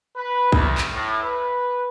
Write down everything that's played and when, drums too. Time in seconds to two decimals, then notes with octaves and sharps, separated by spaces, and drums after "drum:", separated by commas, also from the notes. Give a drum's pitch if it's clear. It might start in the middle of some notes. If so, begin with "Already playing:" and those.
0.16 B4
0.52 D2, drum: kick
0.78 drum: clap
0.92 A2
1.23 B4